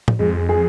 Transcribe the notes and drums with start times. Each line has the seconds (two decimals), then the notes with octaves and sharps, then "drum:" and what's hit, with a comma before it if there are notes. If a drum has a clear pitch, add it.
0.08 drum: tom
0.19 F2 G#3
0.49 G#4